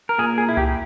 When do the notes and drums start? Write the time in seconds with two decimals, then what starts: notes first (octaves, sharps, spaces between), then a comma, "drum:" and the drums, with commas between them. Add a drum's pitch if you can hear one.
0.09 A#4
0.18 A#2 G#4
0.38 G#4
0.49 E4
0.57 G4, drum: tom C2